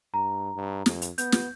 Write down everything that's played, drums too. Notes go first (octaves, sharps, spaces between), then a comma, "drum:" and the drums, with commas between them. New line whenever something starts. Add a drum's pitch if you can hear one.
G2 A#5
G2
F2, drum: snare
drum: hi-hat
B3 G6, drum: hi-hat
drum: snare